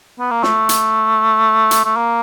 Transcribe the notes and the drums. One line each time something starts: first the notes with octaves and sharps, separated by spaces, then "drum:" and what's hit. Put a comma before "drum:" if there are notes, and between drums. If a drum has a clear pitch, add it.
B3
A#3
A3, drum: snare
drum: hi-hat
drum: hi-hat
A3
A#3